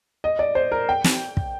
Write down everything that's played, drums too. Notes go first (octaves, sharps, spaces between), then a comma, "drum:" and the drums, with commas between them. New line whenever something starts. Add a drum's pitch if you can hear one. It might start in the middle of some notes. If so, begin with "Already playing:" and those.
D#5
D5
C5
A#4
G5
drum: snare
drum: kick